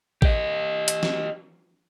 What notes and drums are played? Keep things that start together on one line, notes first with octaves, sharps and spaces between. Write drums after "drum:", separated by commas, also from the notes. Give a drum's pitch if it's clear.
G4 D#5, drum: kick A1
drum: hi-hat
drum: snare